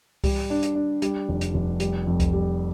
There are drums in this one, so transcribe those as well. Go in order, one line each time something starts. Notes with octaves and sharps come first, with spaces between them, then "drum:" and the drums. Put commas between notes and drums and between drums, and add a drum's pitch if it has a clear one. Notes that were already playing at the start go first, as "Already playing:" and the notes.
G3, drum: kick C2, open hi-hat
D4
drum: hi-hat
D4
G3, drum: hi-hat
F1
drum: hi-hat
F1
G3, drum: hi-hat
F2
drum: kick C2, hi-hat
G3